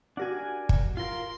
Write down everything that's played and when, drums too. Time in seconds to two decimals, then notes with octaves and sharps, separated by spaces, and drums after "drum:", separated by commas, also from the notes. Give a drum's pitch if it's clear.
0.17 D4 F#4 G4 A#4 F#5 G#5
0.69 drum: kick
0.97 F4 A#4 C6